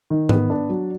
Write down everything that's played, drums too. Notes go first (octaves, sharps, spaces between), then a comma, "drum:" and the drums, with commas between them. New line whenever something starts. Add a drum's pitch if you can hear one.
D#3
B3, drum: tom G#2
D4
F#3